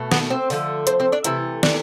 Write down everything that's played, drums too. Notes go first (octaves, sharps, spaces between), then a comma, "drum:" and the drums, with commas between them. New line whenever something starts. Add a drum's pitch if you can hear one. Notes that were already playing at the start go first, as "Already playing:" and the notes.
Already playing: B2 A3
B3 B4, drum: snare
C4 C5
D3 F3 A3, drum: open hi-hat
C4 C5, drum: hi-hat
C4 C5
D4 D5
C3 E3 A3 E4 E5, drum: hi-hat
D4 D5, drum: snare